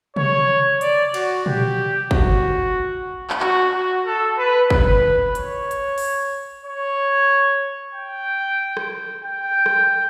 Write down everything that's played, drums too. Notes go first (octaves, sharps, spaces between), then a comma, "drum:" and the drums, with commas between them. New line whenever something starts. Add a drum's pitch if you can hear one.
C#5, drum: tom C3
D5, drum: hi-hat
F#4, drum: cymbal
G4, drum: tom A#2
F#4, drum: kick
drum: clap
F#4, drum: clap
F#4
A4
B4
B4, drum: kick
C#5, drum: hi-hat
drum: hi-hat
drum: open hi-hat
C#5
G5
drum: rim click
G5
drum: rim click